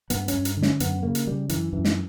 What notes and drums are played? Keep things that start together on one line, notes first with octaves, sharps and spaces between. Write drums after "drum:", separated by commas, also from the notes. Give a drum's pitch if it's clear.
G2 B3, drum: hi-hat
G2 C#4, drum: hi-hat
drum: hi-hat
D3
C#4, drum: snare
F#2 B3, drum: hi-hat
C#3 A#3
drum: hi-hat
C#3 G3
F#2 E3, drum: hi-hat
F#2 E3
drum: snare